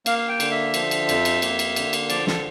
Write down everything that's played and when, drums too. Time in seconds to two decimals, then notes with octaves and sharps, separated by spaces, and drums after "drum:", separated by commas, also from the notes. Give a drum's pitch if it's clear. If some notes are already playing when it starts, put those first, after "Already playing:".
0.06 A#3 F5, drum: cymbal
0.18 F5
0.29 G5
0.40 D3, drum: cymbal
0.51 E5
0.74 F3, drum: cymbal
0.91 drum: cymbal
1.09 F2, drum: cymbal
1.25 drum: cymbal
1.42 A#3, drum: cymbal
1.59 drum: cymbal
1.76 D3, drum: cymbal
1.93 drum: cymbal
2.10 F3 D5, drum: cymbal
2.27 A4, drum: snare